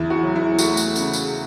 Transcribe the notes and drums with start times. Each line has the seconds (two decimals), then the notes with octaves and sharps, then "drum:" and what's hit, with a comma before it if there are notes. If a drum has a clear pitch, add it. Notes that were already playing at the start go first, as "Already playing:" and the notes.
Already playing: E2 E4
0.10 F#4
0.23 F#3
0.36 E4
0.58 A3 F#4, drum: tambourine
0.77 drum: tambourine
0.96 C#3, drum: tambourine
1.13 drum: tambourine